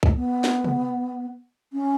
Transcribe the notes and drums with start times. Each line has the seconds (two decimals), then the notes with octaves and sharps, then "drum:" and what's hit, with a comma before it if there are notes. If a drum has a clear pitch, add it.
0.03 drum: kick
0.16 B3
0.44 drum: snare
0.64 drum: tom C3
1.73 C#4